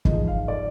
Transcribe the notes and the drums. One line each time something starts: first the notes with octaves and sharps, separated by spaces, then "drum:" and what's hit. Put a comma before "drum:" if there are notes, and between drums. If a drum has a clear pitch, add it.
G#2 F3 G#3 D#5, drum: kick F#1
F5
D5